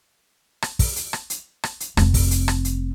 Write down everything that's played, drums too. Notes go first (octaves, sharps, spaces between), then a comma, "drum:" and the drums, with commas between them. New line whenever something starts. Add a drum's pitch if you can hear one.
drum: rim click
drum: kick, open hi-hat
drum: hi-hat
drum: rim click
drum: hi-hat
drum: rim click
drum: hi-hat
F1 C4, drum: rim click
drum: kick, open hi-hat
drum: hi-hat
drum: rim click
drum: hi-hat